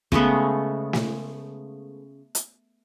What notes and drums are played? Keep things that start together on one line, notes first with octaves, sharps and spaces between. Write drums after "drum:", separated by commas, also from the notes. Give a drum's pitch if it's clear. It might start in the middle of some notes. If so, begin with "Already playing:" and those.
C#3 G#3 A3 B3, drum: kick
drum: snare
drum: hi-hat